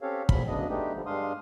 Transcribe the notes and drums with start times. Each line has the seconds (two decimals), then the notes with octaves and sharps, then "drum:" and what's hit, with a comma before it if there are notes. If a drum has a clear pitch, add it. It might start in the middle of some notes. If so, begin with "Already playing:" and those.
0.01 C4 C#4 G4 A4 C#5 F5
0.29 E2 A#2 F3 F#3 B5, drum: kick
0.48 D2 C#3 F#3 B3 D4 D#5
0.70 G#3 A3 B3 D4 D#4 G4
0.94 D3 F3 G3
1.06 G2 G#3 D4 F5 C6 D#6